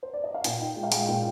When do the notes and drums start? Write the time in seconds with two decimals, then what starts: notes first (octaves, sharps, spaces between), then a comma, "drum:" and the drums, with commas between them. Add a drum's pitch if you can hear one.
0.03 C5
0.13 D5
0.24 D#5
0.34 F5
0.44 A#2 G5, drum: hi-hat
0.60 D#4
0.76 G#3
0.83 F5
0.92 G#3 G5, drum: hi-hat
1.08 A#2